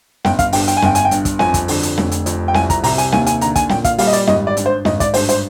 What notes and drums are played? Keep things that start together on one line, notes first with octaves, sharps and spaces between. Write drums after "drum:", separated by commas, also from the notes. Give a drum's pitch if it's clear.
G1 G5, drum: snare
F5, drum: kick, hi-hat
G2 G5, drum: open hi-hat
G5, drum: hi-hat
G#5
G1 G5, drum: snare
G#5, drum: hi-hat
G5
G2, drum: hi-hat
drum: kick, hi-hat
F2 G#5, drum: snare
drum: kick, hi-hat
D3, drum: open hi-hat
drum: hi-hat
F1, drum: snare
drum: hi-hat
F2, drum: hi-hat
G5
C2 G#5, drum: snare
A#5, drum: kick, hi-hat
C3 A#5, drum: open hi-hat
G#5, drum: hi-hat
D#2 G#5, drum: snare
G#5, drum: hi-hat
D3 A#5, drum: hi-hat
G#5, drum: kick, hi-hat
A#2 G5, drum: snare
F5, drum: kick, hi-hat
G3 F5, drum: open hi-hat
D#5
D5, drum: hi-hat
G#1 D#5, drum: snare
D5
G2, drum: hi-hat
C5
G#1 D#5, drum: snare
D5, drum: kick, hi-hat
G2 C5, drum: open hi-hat
C5, drum: hi-hat